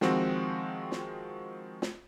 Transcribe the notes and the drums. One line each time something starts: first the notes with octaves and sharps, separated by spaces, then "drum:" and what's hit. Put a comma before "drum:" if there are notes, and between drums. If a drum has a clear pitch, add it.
D#3 F3 G#3 C4 F#4, drum: snare
drum: snare
drum: snare